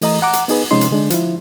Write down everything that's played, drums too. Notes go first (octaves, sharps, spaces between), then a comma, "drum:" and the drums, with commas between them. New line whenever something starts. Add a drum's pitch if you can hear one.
E3 A3 D#5 A#5 D#6, drum: open hi-hat
F#5 A#5 D6
drum: hi-hat
B3 D#4 G#4 B4, drum: open hi-hat
C3 F3 G#3 C#4 D#4 C6
drum: hi-hat
D3 G#3 D4
F3 E4, drum: hi-hat